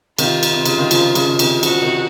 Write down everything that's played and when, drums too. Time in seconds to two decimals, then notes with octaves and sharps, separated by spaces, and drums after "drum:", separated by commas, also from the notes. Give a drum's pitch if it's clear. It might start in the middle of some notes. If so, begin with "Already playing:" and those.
0.18 C3 D#3 F4, drum: cymbal
0.43 drum: cymbal
0.53 C3
0.65 C#3, drum: cymbal
0.78 D#3
0.91 C#3 F3, drum: cymbal
1.15 C#3 F3, drum: cymbal
1.39 C3 D#3, drum: cymbal
1.63 C#3 F3 F#4, drum: cymbal
1.81 C3 D#3